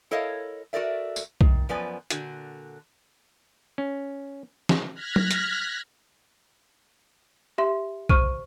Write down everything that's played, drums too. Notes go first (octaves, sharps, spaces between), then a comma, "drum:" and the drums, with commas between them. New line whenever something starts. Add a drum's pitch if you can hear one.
E4 A4 A#4 C#5 D#5 F5
F#4 A4 A#4 D5 E5
drum: tambourine
D#3, drum: kick B1
F#2 F3 B3 B4 D5 G#5
A#2 D3 F#4, drum: hi-hat
C#4
drum: snare
F6 F#6 G#6 A#6 B6
drum: tom F#3
drum: hi-hat
G4 E5 C6
C5 C#6 F6 D#7, drum: kick B1